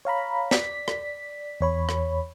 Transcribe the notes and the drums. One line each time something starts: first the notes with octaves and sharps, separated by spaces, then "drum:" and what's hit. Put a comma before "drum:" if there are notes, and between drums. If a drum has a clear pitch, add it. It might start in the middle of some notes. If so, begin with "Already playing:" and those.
C#5 F5 A#5 B5
D5 B6, drum: snare
drum: rim click
E2 C#5 B5
drum: rim click